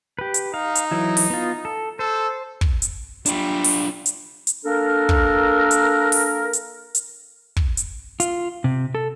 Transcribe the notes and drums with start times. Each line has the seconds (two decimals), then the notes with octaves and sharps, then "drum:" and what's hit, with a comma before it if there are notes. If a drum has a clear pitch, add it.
0.19 G4 B4
0.34 drum: hi-hat
0.54 D#4 F5
0.75 drum: hi-hat
0.91 E3 F#3 E4
1.17 drum: open hi-hat
1.30 B3 F4
1.65 A4
1.99 A4 C5
2.61 drum: kick
2.82 drum: hi-hat
3.26 F#3 G3 D4 F4 E5, drum: hi-hat
3.64 drum: open hi-hat
4.06 drum: hi-hat
4.47 drum: hi-hat
4.66 A#3 D4 A4 A#4
5.09 drum: kick
5.71 drum: hi-hat
6.12 drum: open hi-hat
6.53 drum: hi-hat
6.95 drum: hi-hat
7.56 drum: kick
7.77 drum: hi-hat
8.20 F4, drum: hi-hat
8.64 C3
8.95 A4